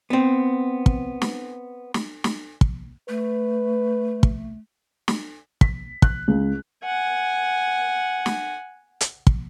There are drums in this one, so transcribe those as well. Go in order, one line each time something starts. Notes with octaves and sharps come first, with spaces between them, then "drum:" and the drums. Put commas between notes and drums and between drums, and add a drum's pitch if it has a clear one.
B3 C4
drum: kick
drum: snare
drum: snare
drum: snare
drum: kick
A3 B4
drum: kick
drum: snare
B6, drum: kick
F#6, drum: kick
C#2
F#5 G#5
drum: snare
drum: hi-hat
drum: kick